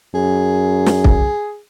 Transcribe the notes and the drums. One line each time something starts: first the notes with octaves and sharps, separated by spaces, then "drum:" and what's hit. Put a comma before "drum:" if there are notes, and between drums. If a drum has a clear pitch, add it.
F#2 G#4
drum: snare
drum: kick